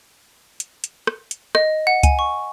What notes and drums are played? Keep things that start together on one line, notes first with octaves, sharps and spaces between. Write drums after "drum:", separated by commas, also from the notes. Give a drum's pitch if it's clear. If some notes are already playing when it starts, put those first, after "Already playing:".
drum: hi-hat
drum: hi-hat
drum: rim click
drum: hi-hat
D#5, drum: rim click
F#5
G#5, drum: kick C#2, hi-hat
C#6